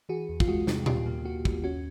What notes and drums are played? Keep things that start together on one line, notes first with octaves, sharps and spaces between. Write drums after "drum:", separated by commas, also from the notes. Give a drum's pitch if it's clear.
E3 F#4 G#4
E2
F4, drum: kick
G#3 F#4
C3, drum: snare
D#2 F4 G4, drum: tom A#2
A#3
A#3 F#4
D#2, drum: kick
C#4 F#4